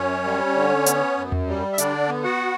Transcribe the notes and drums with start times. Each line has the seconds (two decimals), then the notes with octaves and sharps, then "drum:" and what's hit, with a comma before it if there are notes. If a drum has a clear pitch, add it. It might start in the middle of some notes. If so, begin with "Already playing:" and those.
Already playing: F#2 C#4 C#5
0.25 G3
0.55 D3
0.86 B3, drum: hi-hat
1.17 F#2
1.32 drum: tom E2
1.47 G3
1.73 E5
1.78 D3 D4 D5, drum: hi-hat
2.09 B3
2.24 F#4 F#5